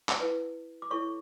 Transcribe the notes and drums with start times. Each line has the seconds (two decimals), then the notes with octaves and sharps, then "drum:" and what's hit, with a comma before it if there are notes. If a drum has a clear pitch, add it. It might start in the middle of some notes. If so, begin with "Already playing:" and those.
0.09 drum: clap
0.19 E4 B4
0.82 D6
0.90 E4 A4 C#5 C#6